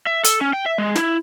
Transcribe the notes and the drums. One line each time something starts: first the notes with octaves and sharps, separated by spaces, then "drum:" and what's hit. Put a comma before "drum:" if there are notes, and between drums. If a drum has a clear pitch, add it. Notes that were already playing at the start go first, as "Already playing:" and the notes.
E5
A4, drum: hi-hat
C#4
G5
E5
G#3
E4, drum: snare